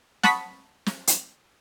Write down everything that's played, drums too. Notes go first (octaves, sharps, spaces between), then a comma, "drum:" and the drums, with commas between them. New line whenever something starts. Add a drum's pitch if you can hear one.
F#5 A5 B5 C#6 D#6 B6, drum: snare
drum: snare
drum: hi-hat